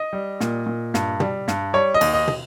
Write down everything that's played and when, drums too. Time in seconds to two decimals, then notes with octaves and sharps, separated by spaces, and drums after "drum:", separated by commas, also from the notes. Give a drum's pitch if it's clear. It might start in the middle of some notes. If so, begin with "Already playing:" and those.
Already playing: D#5
0.13 G3
0.40 A#2, drum: snare
0.66 A#2
0.94 G2, drum: snare
1.20 G3, drum: tom
1.48 G2, drum: snare
1.73 G3 C#5
1.94 D#5
2.01 D#2, drum: cymbal
2.14 D#5
2.28 drum: tom